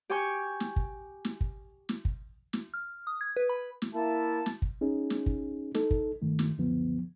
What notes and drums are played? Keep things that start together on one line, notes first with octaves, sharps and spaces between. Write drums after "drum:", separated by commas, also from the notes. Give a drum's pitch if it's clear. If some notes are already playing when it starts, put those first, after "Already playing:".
G4 G5 G#5 C#6 G6
drum: snare
drum: kick
drum: snare
drum: kick
drum: snare
drum: kick
drum: snare
F6
D#6
G#6
B4
B5
drum: snare
A#3 E4 A5
drum: snare
drum: kick
C#4 D#4 G#4
drum: snare
drum: kick
D#4 A4, drum: snare
drum: kick
G2 D#3 A3
drum: snare
C#2 F#2 D3 F3 B3